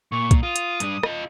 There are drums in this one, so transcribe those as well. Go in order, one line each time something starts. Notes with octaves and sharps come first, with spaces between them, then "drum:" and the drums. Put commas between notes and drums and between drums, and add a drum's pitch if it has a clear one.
A#2 C#6
drum: kick, hi-hat
F4 D#6
drum: hi-hat
G2 D4, drum: hi-hat
F4 D#5, drum: rim click